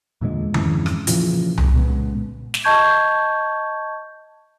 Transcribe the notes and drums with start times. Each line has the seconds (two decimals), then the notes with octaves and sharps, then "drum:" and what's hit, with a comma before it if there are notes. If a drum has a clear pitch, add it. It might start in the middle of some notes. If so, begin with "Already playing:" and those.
0.21 E2 A#2 D3 G#3
0.54 F2 G#2 C#3 E3, drum: tom D#3
0.86 drum: rim click
1.07 A#2 C#3 E3 F3, drum: hi-hat
1.58 A1 F2, drum: tom C2
1.74 A#2 C#3 G#3 B3
2.54 drum: snare
2.64 D#5 A5 C#6 G6 G#6